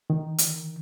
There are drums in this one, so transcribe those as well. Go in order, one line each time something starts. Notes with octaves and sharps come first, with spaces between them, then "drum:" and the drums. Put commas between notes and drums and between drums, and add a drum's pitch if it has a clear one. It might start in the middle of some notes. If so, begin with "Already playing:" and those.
D#3
drum: hi-hat